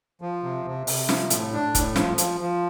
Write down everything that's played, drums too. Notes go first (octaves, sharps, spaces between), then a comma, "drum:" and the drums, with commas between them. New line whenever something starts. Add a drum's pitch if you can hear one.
F3
C3
C3
C3, drum: open hi-hat
F3, drum: snare
A2, drum: hi-hat
D4
A2, drum: kick, hi-hat
F3, drum: snare
F3, drum: hi-hat
F3